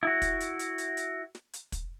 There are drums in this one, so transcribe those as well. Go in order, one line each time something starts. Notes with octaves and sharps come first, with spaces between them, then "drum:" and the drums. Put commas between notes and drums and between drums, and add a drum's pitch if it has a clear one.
E4 F#4
drum: kick, hi-hat
drum: hi-hat
drum: hi-hat
drum: hi-hat
drum: hi-hat
drum: snare
drum: hi-hat
drum: kick, hi-hat